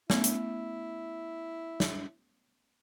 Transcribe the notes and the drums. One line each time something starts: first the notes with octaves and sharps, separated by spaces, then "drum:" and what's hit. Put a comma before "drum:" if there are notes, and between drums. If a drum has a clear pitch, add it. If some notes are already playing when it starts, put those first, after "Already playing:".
A3 B3 C#4 E4, drum: snare
drum: hi-hat
drum: snare